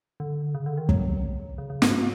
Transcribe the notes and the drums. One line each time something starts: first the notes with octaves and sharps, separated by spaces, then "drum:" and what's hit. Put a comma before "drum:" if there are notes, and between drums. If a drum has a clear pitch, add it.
D3
C#3
D3
D#3
F#3, drum: kick
C#3
C#3
G#2, drum: snare